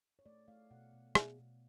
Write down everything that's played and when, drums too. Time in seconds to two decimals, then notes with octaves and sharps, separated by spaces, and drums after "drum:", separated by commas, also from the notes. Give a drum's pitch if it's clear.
0.19 C#5
0.26 A3 D5
0.48 A3 F5
0.71 B2 F#5
0.93 B2
1.15 B2, drum: rim click
1.38 B2